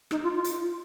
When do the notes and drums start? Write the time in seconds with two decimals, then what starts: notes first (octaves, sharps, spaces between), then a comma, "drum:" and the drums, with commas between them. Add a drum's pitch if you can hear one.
0.11 D#4, drum: rim click
0.23 F4
0.35 F4
0.44 drum: hi-hat